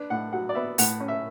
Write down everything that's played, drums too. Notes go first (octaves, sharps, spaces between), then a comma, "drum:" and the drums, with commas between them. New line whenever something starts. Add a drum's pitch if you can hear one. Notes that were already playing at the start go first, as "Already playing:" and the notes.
Already playing: D4 B4
A2 F#5
F#3 F#5
D5
B3 E5
A2 F#5, drum: open hi-hat
C#4
E5